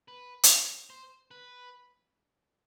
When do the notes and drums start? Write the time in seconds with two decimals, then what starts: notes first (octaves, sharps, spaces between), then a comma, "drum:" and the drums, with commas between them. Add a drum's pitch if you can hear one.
0.08 B4
0.43 drum: hi-hat
0.90 C5
1.31 B4